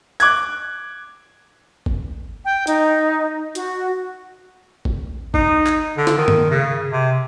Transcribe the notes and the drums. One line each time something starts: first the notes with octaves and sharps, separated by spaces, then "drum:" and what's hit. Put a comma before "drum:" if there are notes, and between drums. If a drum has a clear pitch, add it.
D6 F#6 G#6, drum: tambourine
drum: kick F#1
G5
D#4, drum: hi-hat
F#4, drum: hi-hat
drum: kick F#1
D#4, drum: kick F#1
drum: clap
D3
drum: snare
D#3
drum: tom G2
C#3
C3